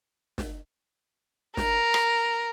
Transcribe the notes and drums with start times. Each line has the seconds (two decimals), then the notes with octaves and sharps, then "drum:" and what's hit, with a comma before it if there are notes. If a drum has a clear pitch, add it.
0.38 drum: snare
1.57 A#4, drum: snare
1.94 drum: rim click